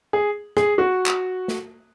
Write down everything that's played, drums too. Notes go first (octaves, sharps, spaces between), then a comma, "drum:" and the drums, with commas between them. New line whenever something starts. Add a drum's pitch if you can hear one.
G#4
G#4, drum: rim click
F#4
drum: clap
drum: snare